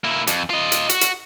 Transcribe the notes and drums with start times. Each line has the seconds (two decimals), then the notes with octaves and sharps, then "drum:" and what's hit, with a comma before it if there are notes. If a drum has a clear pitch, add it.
0.04 A#3 E4
0.27 F2, drum: hi-hat
0.50 F4 D#5
0.72 drum: hi-hat
0.89 F#4, drum: hi-hat
1.01 drum: hi-hat